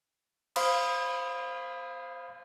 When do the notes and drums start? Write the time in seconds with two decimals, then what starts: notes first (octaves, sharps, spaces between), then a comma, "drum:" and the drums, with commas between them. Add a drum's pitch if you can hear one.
0.56 C5 F5 B5 D#6, drum: cymbal